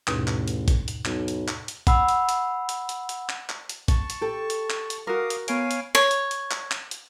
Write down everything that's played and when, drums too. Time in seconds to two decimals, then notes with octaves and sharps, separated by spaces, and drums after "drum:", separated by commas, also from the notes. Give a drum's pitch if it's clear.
0.07 A1 D#2 G#2 B2, drum: clap
0.27 drum: clap
0.48 drum: hi-hat
0.68 drum: kick A#1, hi-hat
0.88 drum: hi-hat
1.05 B1, drum: clap
1.28 drum: hi-hat
1.48 drum: clap
1.68 drum: hi-hat
1.87 F#5 B5 E6, drum: kick A#1, hi-hat
2.09 drum: hi-hat
2.29 drum: hi-hat
2.69 drum: hi-hat
2.89 drum: hi-hat
3.09 drum: hi-hat
3.29 drum: clap
3.49 drum: clap
3.69 drum: hi-hat
3.88 A5 C#6, drum: kick A#1, hi-hat
4.10 drum: hi-hat
4.21 G4 A4
4.50 drum: hi-hat
4.70 drum: clap
4.90 drum: hi-hat
5.07 F#4 A#4 F5 D6 D#6
5.30 drum: hi-hat
5.48 B3 C#5 F5 G#5 D7, drum: hi-hat
5.71 drum: hi-hat
5.95 C#5
6.11 drum: hi-hat
6.31 drum: hi-hat
6.51 drum: clap
6.71 drum: clap
6.91 drum: hi-hat